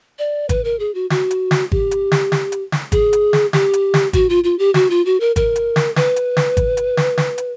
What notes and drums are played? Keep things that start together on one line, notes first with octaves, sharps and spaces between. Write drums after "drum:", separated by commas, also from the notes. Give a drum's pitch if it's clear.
D5
B4, drum: kick G#1, hi-hat
A#4
G#4
F#4
F#4, drum: snare
drum: hi-hat
drum: snare
G4, drum: kick G#1
drum: hi-hat
drum: snare
drum: snare
drum: hi-hat
drum: snare
G#4, drum: kick G#1, hi-hat
drum: hi-hat
drum: snare
G4, drum: snare
drum: hi-hat
drum: snare
F#4, drum: kick G#1, hi-hat
F4
F4
G4
F#4, drum: snare
F4
F#4
A#4
A#4, drum: kick G#1, hi-hat
drum: hi-hat
drum: snare
B4, drum: snare
drum: hi-hat
drum: snare
drum: kick G#1, hi-hat
drum: hi-hat
drum: snare
drum: snare
drum: hi-hat